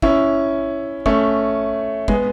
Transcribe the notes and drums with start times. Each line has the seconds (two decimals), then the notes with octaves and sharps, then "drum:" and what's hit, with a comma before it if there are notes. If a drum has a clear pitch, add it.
0.02 C#4 E4, drum: kick
1.06 A3 C#4, drum: kick
2.08 G#3 B3, drum: kick